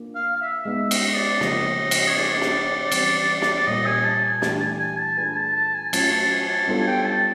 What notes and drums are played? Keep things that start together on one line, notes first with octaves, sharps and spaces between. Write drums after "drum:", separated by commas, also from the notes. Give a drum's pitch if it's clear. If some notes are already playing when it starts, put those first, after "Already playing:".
Already playing: A#3 D4 F4
F5
F5
E5
G#3 B3 D#4 E5
D#5, drum: cymbal
D5
C#3 F3 A#3 D#5, drum: snare
drum: cymbal
C#5
A#3 D#4 G#4 B4 D5
drum: snare
E3 G3 C4, drum: cymbal
drum: snare
A#2 G3 A#3 D#5
G#5
A5
G#5
E3 A3 D4 G4 A5, drum: snare
G#5
G#5
A5
A3 D4 F4 G#4 B4 G#5
A5
A5
G#5
F#3 A3 C#4 F4 A5, drum: cymbal
A5
G#5
A5
G3 B3 D4 F4 A4
G#5
G5
A5